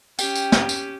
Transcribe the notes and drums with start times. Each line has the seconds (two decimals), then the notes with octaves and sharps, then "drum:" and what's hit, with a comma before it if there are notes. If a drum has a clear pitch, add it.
0.19 C#4 G4 G5, drum: tambourine
0.35 drum: tambourine
0.52 drum: snare
0.69 drum: tambourine